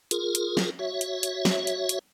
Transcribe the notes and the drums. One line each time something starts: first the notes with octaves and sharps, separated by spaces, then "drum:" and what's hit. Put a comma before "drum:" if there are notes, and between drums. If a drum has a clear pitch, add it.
F4 G#4 A#4, drum: hi-hat
drum: hi-hat
drum: snare
F#4 C#5 E5
drum: hi-hat
drum: hi-hat
drum: snare
drum: hi-hat
drum: hi-hat